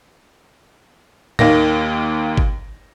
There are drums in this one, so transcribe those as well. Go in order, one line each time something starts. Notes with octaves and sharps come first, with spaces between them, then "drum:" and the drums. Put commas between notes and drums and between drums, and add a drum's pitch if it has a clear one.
D#2 D#3 A#3 A#6, drum: tom A2
drum: kick G1